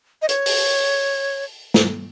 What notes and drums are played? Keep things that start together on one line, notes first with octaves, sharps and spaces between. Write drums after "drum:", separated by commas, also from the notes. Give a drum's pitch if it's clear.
D#5
C#5, drum: hi-hat
drum: open hi-hat
drum: snare